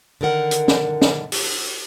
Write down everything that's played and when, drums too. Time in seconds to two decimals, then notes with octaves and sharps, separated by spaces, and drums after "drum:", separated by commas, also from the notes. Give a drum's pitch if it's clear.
0.21 D3 D#3 A#4 F#5
0.51 drum: hi-hat
0.68 drum: snare
1.02 drum: snare
1.32 drum: open hi-hat